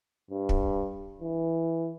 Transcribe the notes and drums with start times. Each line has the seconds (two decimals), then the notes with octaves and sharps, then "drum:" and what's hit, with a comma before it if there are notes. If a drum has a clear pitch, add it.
0.31 G2
0.49 drum: kick
1.20 E3